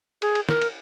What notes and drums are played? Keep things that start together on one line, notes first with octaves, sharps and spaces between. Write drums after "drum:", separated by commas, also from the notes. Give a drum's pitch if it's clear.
G#4, drum: cymbal
drum: cymbal
A#4, drum: snare
drum: cymbal